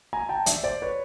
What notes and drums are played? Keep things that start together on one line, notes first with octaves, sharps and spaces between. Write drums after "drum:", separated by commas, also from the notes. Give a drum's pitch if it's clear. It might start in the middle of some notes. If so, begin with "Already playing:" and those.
G#5 A#5
G5 A5
D5 E5, drum: hi-hat
C5 D5
B4 C#5